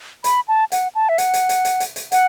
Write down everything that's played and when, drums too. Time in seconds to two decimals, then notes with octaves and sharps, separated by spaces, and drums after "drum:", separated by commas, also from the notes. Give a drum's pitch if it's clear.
0.24 B5, drum: hi-hat
0.48 A5
0.72 F#5, drum: hi-hat
0.95 A5
1.09 E5
1.18 F#5, drum: hi-hat
1.34 drum: hi-hat
1.49 drum: hi-hat
1.65 drum: hi-hat
1.80 drum: hi-hat
1.96 drum: hi-hat
2.12 F#5, drum: hi-hat